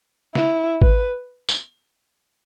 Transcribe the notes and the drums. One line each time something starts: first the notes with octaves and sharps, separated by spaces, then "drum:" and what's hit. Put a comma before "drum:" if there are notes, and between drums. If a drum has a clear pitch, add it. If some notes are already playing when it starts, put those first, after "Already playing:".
E4, drum: snare
B4, drum: kick G#1
drum: tambourine